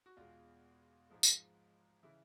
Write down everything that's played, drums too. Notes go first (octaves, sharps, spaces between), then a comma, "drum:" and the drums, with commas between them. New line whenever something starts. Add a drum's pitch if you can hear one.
F#4
E2 B2 G#3 F4
G#2 F3 G#3
drum: tambourine
C#3 E3 E4